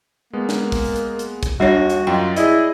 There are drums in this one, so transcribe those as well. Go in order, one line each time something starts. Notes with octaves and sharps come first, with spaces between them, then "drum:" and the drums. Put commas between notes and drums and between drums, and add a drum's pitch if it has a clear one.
G#3 A#3 B3
drum: snare
drum: kick, open hi-hat
drum: hi-hat
drum: hi-hat
drum: kick, hi-hat
D#2 G3 D4 F#4 C#5 A#6
drum: hi-hat
F#2 F4 D#5 G5
E4 G#4 D5 D#5, drum: hi-hat